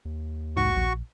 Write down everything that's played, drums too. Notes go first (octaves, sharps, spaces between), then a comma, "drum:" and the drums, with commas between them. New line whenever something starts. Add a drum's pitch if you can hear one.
D#2
G#2 F#4 C#6, drum: tom A#1
A#1